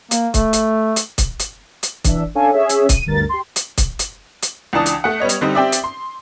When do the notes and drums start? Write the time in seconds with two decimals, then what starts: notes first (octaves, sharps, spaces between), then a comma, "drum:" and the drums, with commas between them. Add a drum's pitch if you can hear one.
0.11 A#3, drum: hi-hat
0.34 A3, drum: kick C#1, hi-hat
0.53 drum: hi-hat
0.96 drum: hi-hat
1.18 drum: kick C#1, hi-hat
1.40 drum: hi-hat
1.83 drum: hi-hat
2.05 E3 D4 E5, drum: kick C#1, hi-hat
2.35 C#4 D4 A4 C#5 F5 G#5
2.52 C#4 G#4 C#5 E5
2.69 drum: hi-hat
2.89 D#7, drum: kick C#1, hi-hat
3.06 D2 G2 A#4 A6
3.29 G4 C6
3.56 drum: hi-hat
3.78 drum: kick C#1, hi-hat
3.99 drum: hi-hat
4.43 drum: hi-hat
4.73 C#2 E3 D4 A5 D#6
4.86 drum: hi-hat
5.04 A3 F#5
5.20 G3 B3 C#5 D#5
5.29 drum: hi-hat
5.41 D3 G3 C4 D#4
5.55 C4 G4 D5 E5
5.72 drum: hi-hat
5.84 C6